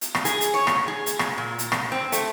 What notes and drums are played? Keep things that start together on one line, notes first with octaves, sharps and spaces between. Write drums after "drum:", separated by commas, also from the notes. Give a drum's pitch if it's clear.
drum: hi-hat
drum: rim click
G#4, drum: hi-hat
drum: hi-hat
C#5
drum: rim click
G#4
drum: hi-hat
drum: rim click
A#2
drum: hi-hat
drum: rim click
C4
A3, drum: hi-hat